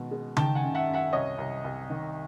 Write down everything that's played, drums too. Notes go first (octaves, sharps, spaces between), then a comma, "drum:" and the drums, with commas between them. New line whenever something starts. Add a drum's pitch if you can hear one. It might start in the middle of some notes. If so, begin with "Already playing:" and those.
Already playing: B2 D#3 G#3
G#3
D#3 G5 A5, drum: tom C#3
F#5 G#5
F#2
E5 F#5
F#2
E5 F#5
C2 C#5 D#5
C2
C2
D#3